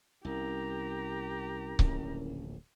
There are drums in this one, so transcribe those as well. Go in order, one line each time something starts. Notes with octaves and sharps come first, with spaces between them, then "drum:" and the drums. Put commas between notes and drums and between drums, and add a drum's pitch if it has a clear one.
C2 C#4 E4 G4 A#4 A#5
D1 A#1 C#3, drum: kick C#1